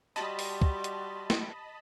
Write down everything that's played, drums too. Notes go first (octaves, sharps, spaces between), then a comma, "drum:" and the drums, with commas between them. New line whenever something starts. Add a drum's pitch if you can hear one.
G3 F#4 D#5 A5 B5 C6
drum: open hi-hat
drum: kick
drum: hi-hat
drum: snare